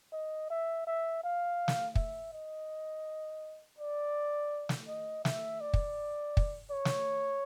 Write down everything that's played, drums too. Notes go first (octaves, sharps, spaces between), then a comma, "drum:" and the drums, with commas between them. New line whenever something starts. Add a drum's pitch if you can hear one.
D#5
E5
E5
F5
drum: snare
E5, drum: kick
D#5
D5
drum: snare
D#5
E5, drum: snare
D5
drum: kick
drum: kick
C#5
drum: snare